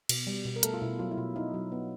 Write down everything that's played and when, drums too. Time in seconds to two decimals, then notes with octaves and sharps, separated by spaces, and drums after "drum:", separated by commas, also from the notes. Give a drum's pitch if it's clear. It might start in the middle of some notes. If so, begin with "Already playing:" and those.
0.09 B2, drum: cymbal
0.27 G3
0.45 B2
0.56 A#4
0.63 A3 A4, drum: hi-hat
0.74 F4
0.82 B2 E4
0.99 F#3 F4
1.11 E4
1.17 B2 F4
1.36 D#4 E4
1.54 F#3
1.72 B3